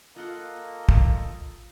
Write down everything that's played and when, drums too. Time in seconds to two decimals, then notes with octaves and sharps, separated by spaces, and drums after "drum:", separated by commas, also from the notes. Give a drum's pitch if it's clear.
0.16 A#3 F4 A4 D#5 F#5 C6
0.89 drum: kick